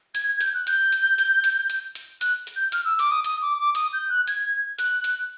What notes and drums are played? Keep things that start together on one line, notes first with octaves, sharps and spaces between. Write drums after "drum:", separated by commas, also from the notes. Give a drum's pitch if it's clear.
G#6, drum: hi-hat
G#6
G6, drum: hi-hat
F#6
G6, drum: hi-hat
drum: hi-hat
drum: hi-hat
drum: hi-hat
drum: hi-hat
drum: hi-hat
F#6, drum: hi-hat
drum: hi-hat
G6
F6, drum: hi-hat
E6
D6, drum: hi-hat
D#6
D#6, drum: hi-hat
D6
D6
D#6, drum: hi-hat
G6
F#6
G#6, drum: hi-hat
G#6
F#6, drum: hi-hat
drum: hi-hat